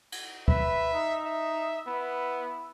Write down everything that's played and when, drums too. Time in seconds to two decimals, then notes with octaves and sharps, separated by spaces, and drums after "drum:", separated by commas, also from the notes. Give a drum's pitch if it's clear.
0.12 drum: cymbal
0.48 B4 E5, drum: kick D2
0.93 D#4
1.25 E5
1.87 B3 E4